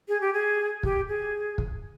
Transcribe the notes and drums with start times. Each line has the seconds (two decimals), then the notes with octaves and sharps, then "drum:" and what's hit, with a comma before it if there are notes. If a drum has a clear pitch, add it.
0.08 G#4
0.21 G4
0.33 G#4
0.83 G4, drum: kick
1.08 G#4
1.58 drum: kick